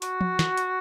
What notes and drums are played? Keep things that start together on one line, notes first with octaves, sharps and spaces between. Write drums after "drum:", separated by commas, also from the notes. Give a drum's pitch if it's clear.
F#4, drum: hi-hat
drum: tom
drum: snare
drum: hi-hat